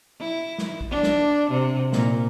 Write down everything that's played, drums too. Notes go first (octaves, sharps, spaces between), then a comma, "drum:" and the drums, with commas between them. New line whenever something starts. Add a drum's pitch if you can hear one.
E4
drum: snare
drum: kick
D4
drum: snare
C3
A#2, drum: snare